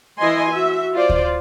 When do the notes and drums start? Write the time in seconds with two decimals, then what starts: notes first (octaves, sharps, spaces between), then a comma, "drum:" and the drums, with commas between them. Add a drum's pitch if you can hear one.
0.19 E3 E4 D#5 G#5 C6
0.50 F#4 E5
0.93 F4 C5 D5
1.09 drum: kick D2